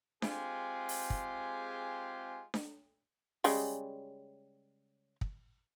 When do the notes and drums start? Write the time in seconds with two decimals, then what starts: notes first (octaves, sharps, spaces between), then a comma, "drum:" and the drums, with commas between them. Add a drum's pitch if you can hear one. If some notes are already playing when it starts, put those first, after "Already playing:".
0.22 G#3 C4 F4 G4 G#4, drum: snare D4
0.89 drum: open hi-hat
1.10 drum: kick
2.54 drum: snare D4
3.44 C#3 G3 G#3, drum: open hi-hat
5.21 drum: kick